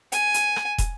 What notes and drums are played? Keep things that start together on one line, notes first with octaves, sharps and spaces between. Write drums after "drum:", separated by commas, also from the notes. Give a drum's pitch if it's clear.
G#5, drum: hi-hat
drum: hi-hat
drum: rim click
drum: kick, hi-hat